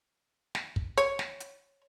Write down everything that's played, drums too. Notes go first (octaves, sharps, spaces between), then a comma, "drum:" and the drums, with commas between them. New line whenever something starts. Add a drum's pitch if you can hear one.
drum: snare
drum: kick
C#5, drum: hi-hat
drum: snare
drum: hi-hat